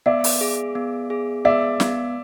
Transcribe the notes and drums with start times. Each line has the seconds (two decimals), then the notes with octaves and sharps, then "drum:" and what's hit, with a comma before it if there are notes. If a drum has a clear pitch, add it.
0.06 B3 D5 E5
0.24 drum: open hi-hat
0.41 G#4
0.75 B3
1.10 G#4
1.45 B3 D5 E5
1.80 B3, drum: snare